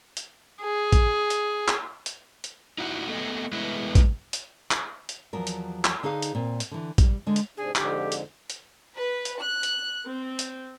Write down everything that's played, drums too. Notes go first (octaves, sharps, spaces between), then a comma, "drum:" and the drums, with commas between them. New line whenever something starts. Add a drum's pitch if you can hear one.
drum: hi-hat
G#4
drum: kick, hi-hat
drum: hi-hat
drum: clap
drum: hi-hat
drum: hi-hat
D#4 E4 F#4 A#4 F#5
A3 B3 A4 D#5
G#3 A3 B3 E4 B4 D#5
drum: kick, hi-hat
drum: hi-hat
drum: clap
drum: hi-hat
E2 F3 F#3 A#4
drum: hi-hat
drum: clap
D3 D#4 G#4 B4 F5
drum: hi-hat
A#2 C4
drum: hi-hat
D3 E3
G3, drum: kick, hi-hat
D3 G#3
drum: hi-hat
G#2 C3 D4 G#4
F2 G#2 D3 G4, drum: clap
drum: hi-hat
drum: hi-hat
B4
drum: hi-hat
F#6
drum: hi-hat
C4
drum: hi-hat